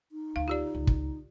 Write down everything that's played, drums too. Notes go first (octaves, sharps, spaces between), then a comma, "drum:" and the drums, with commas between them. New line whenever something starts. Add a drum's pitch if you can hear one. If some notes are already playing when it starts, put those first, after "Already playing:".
D#4
D2 F5
F4 G4 D5
C#2
drum: kick